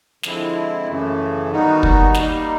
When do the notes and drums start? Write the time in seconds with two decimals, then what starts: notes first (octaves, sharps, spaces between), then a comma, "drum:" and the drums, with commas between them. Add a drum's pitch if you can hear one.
0.23 D3 F3 G#3 C4 E4, drum: snare
0.88 F#2 C#3 E3 A3
1.51 D#3 G3 B3 D#4 F#4
1.83 drum: kick
2.14 G3 A#3 D#4, drum: snare